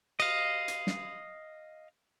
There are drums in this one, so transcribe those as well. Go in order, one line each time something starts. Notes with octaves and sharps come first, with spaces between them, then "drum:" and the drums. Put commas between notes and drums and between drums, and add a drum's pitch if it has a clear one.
D#5 F5, drum: cymbal
drum: hi-hat
drum: snare